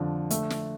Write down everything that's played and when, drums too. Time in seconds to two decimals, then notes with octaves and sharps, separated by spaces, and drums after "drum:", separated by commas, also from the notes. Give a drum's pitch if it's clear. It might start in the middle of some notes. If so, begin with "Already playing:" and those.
Already playing: F2 D3
0.30 A3, drum: hi-hat
0.50 drum: snare